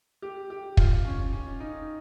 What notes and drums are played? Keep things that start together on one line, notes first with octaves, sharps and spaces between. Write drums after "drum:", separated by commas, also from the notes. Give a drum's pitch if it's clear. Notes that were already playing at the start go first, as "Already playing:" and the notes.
G4
G4
F4, drum: kick
C#4
C#4
D#4